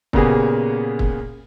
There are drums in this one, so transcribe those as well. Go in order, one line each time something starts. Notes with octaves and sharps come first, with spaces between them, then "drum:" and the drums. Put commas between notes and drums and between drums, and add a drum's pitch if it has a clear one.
A#2 C#3 A#3 B3 G4 G#4, drum: kick
drum: kick